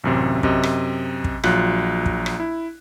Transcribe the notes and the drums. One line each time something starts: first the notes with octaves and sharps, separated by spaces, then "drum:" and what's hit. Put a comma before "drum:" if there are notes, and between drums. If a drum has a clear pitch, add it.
A1 F#2 C3
F#2 C3 D#5, drum: kick
drum: rim click
drum: kick
A#1 F#3 F4 F#6, drum: rim click
drum: kick
drum: rim click
E4